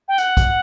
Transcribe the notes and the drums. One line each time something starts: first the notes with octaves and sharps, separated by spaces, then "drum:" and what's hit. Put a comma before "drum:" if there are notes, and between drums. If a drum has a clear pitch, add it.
G5
F#5, drum: hi-hat
drum: kick, hi-hat